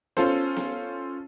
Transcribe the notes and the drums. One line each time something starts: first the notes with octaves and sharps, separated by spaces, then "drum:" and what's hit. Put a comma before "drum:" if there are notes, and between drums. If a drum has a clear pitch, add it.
C#4 F4 A4 C5, drum: snare B3
drum: snare B3